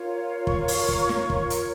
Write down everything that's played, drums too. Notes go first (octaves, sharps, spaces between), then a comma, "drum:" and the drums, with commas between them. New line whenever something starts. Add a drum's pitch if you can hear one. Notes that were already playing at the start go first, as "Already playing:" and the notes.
Already playing: F4 A#4 C#5
C#6, drum: kick
drum: open hi-hat
drum: kick
drum: snare
drum: kick
drum: hi-hat